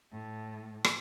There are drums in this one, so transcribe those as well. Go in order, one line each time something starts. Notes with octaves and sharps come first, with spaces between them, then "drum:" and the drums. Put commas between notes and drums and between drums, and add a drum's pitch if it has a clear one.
A2
drum: rim click